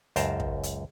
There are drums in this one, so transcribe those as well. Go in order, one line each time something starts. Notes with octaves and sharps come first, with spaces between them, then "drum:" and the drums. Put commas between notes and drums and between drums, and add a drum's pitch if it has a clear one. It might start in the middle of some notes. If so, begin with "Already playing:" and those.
C#2 F#2 C5 G5 A5 A#5, drum: hi-hat
drum: kick
drum: hi-hat